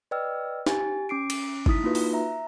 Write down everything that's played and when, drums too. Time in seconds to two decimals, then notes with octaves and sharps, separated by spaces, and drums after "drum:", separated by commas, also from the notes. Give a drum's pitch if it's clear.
0.11 B4 D5 D#5 G5 E6 F6
0.67 G4 G#5 A6, drum: snare
1.09 C#4 D6 C7 D7
1.30 drum: cymbal
1.66 D#4 E4 D#6 B6, drum: kick G1
1.84 A#3 D#4 F4 F#4 B4
1.95 drum: open hi-hat
2.13 E5 A#5